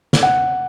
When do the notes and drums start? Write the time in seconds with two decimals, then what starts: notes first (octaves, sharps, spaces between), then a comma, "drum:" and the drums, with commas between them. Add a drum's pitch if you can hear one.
0.13 drum: snare
0.23 F#5